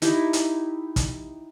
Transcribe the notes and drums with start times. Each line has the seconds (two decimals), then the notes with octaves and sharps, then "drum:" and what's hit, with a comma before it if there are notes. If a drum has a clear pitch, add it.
0.02 D#4 E4 G4, drum: hi-hat
0.33 drum: hi-hat
0.96 drum: kick, hi-hat